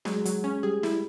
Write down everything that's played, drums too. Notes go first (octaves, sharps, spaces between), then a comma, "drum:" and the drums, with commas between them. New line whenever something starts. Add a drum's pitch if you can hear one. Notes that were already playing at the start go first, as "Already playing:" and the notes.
F#3 G#3 G#4, drum: snare
F#3, drum: hi-hat
C#4
G3 G4 G#4
E4, drum: snare